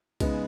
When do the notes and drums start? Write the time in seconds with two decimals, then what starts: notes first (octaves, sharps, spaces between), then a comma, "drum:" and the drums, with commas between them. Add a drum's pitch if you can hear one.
0.20 C#3 G#3 B3 D#4, drum: kick, cymbal